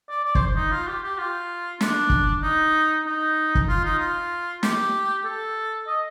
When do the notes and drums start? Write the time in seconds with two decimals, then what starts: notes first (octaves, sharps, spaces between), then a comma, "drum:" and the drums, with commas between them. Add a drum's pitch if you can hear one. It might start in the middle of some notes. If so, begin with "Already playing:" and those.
0.09 D5
0.25 D5
0.35 C5, drum: kick
0.55 D#4
0.71 F4
0.87 G4
1.02 G4
1.18 F4
1.81 D4, drum: snare
2.10 drum: kick
2.42 D#4
3.06 D#4
3.55 drum: kick
3.68 F4
3.84 D#4
3.99 F4
4.63 G4, drum: snare
5.24 A4
5.87 D#5